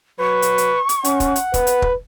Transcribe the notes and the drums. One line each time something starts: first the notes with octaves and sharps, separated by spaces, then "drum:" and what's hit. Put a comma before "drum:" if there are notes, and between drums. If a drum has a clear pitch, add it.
F#3 B4 C#6
drum: hi-hat
drum: hi-hat
drum: hi-hat
C#4 F#5, drum: hi-hat
drum: kick, hi-hat
drum: hi-hat
B4, drum: kick, hi-hat
drum: hi-hat
drum: kick